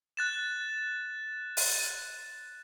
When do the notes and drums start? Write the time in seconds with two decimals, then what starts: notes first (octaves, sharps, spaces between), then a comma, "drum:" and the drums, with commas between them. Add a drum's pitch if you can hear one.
0.17 F#6 A6 E7
1.57 drum: open hi-hat